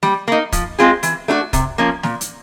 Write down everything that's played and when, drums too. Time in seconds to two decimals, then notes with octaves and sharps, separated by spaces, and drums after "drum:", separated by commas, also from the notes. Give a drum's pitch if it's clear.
0.03 G3, drum: snare
0.28 A#3 D#4
0.52 F3, drum: kick, hi-hat
0.79 G#3 C4 F4 G#4
1.03 E3, drum: hi-hat
1.28 A3 D4 F#4
1.53 C3, drum: kick, hi-hat
1.78 F3 A#3 C#4
2.03 A#2, drum: snare
2.21 drum: hi-hat